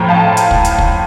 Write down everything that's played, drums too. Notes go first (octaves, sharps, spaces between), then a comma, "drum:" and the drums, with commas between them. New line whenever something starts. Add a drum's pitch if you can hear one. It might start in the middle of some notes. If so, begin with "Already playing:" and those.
Already playing: A2 F3 G5 A#5
F5 A5
drum: hi-hat
drum: kick
drum: hi-hat
drum: kick